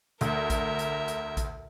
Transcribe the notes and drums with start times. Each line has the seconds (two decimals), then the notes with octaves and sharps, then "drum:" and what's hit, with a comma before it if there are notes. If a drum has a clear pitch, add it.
0.21 D2 A#4 E5, drum: hi-hat
0.50 drum: kick A1, hi-hat
0.79 drum: hi-hat
1.08 drum: hi-hat
1.37 drum: kick A1, hi-hat